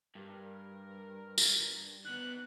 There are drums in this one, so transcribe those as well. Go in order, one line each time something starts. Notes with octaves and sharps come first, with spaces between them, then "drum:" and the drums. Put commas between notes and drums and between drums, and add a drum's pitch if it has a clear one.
G2 A#4
drum: tambourine
D#3 B3 F#6